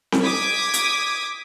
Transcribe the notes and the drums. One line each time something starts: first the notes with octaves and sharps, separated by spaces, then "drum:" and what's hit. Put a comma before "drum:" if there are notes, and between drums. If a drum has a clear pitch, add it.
drum: snare C4
D6 D#6 G#6 B6
drum: hi-hat